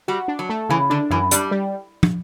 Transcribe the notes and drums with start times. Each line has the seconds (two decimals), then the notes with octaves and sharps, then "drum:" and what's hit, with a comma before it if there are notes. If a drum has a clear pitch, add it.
0.08 G3 F#4
0.28 D4
0.39 F#3
0.49 A3
0.69 C#3 E3
0.90 D3 D4
1.10 F#2 E3
1.31 G3 D4, drum: hi-hat
1.51 G3
2.03 drum: tom